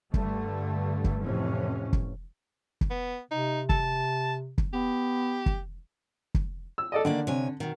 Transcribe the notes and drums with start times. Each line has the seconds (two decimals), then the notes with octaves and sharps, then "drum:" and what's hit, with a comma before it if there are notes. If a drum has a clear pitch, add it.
0.14 G2 D3 G3 A3, drum: kick
1.04 drum: kick
1.22 F2 A2 C3 E3 C#4
1.93 drum: kick
2.81 drum: kick
2.91 B3
3.31 C3 D#4
3.69 A5, drum: kick
4.58 drum: kick
4.73 B3 G4
5.46 drum: kick
6.34 drum: kick
6.78 E6
6.92 A4 D5 D#5
7.05 D3 D#3 A#3 D5
7.27 C3 C#5 G#5
7.60 B2 D#3